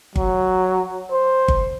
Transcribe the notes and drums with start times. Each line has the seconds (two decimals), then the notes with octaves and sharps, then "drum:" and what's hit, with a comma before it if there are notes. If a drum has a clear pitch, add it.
0.16 F#3, drum: kick G1
1.12 C5
1.48 drum: kick G1